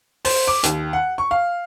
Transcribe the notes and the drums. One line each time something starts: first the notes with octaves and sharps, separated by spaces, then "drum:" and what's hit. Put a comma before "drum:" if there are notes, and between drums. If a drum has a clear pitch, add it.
C5, drum: open hi-hat
D6
D#2, drum: hi-hat
F#5
C#6
F5